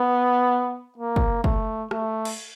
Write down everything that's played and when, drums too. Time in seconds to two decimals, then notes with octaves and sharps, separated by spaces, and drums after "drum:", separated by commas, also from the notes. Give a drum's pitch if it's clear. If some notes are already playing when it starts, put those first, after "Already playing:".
Already playing: B3
0.98 A#3
1.16 drum: kick
1.44 A3, drum: kick
1.91 A3, drum: rim click
2.25 drum: cymbal